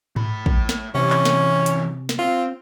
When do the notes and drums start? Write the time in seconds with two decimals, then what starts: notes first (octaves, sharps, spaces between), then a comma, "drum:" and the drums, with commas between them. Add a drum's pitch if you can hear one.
0.16 A3 B5, drum: tom G#2
0.46 drum: kick
0.69 drum: snare
0.95 G2 C3 E3 C#4
1.10 drum: clap
1.25 drum: snare
1.66 drum: hi-hat
2.09 drum: snare
2.19 C4 F4